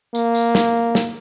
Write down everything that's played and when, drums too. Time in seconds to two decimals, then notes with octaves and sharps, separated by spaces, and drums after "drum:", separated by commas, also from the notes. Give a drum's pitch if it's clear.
0.15 A#3, drum: tambourine
0.35 drum: tambourine
0.55 drum: snare
0.95 drum: snare